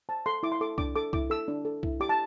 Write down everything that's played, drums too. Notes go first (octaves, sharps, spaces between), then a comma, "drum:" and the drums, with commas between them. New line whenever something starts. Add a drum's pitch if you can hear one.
C5 A5
A4 C6
E4 D6
C6
A4 D6
D4 D6, drum: kick C2
A4 D6
E4 D6, drum: kick C2
A4 E6
D4
A4
E4, drum: kick C2
G4 D6
A5